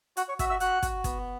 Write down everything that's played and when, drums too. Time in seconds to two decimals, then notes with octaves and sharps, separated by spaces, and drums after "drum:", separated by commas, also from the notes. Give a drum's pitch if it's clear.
0.17 F#4 F#5, drum: hi-hat
0.28 C#5 C#6
0.39 F#4 E5 E6, drum: kick, hi-hat
0.50 E5 E6
0.60 F#4 F#5 F#6, drum: hi-hat
0.83 F#4, drum: kick, hi-hat
1.04 B3, drum: kick, hi-hat